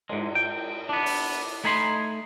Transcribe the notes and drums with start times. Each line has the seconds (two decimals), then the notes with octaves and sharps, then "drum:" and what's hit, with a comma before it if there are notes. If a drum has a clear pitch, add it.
0.09 G#2 G#3, drum: cymbal
0.35 G5
0.89 B3 D4
1.06 drum: open hi-hat
1.64 A3 D#4 G#5 B5 C6